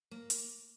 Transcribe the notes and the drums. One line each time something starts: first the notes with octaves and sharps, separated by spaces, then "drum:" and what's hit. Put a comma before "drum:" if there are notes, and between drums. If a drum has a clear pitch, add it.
A#3
drum: hi-hat